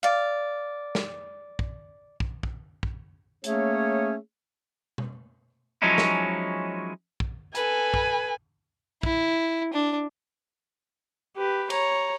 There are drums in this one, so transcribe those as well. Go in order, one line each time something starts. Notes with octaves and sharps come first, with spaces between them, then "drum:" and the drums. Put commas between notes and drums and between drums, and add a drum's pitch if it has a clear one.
D5 F5
drum: snare
drum: kick
drum: kick
drum: kick
drum: kick
A3 A#3 C#4 G#4 C#5, drum: hi-hat
drum: tom B2
F3 F#3 G#3 C#4 D#4 E4
drum: snare
drum: kick
A4 B4 G#5, drum: hi-hat
drum: kick
E4, drum: kick
D4
G4 B4
C#5 A#5, drum: cymbal